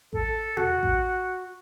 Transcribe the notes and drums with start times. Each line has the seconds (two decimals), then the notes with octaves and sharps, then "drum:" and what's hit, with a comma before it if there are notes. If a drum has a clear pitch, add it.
0.13 A4, drum: kick A1
0.57 F#4, drum: tom B2
0.83 drum: kick A1